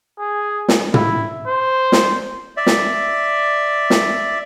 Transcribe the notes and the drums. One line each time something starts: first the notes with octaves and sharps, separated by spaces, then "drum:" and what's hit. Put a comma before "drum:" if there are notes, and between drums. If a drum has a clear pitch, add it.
G#4
drum: snare
E4, drum: tom
C5
drum: snare
D5 E5
drum: snare
drum: snare